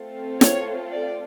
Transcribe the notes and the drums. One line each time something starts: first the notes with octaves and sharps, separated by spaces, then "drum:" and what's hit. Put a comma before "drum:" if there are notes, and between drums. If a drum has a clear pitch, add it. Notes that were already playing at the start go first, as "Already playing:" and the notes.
Already playing: A3 C4 F4 A4
C#5, drum: snare
D5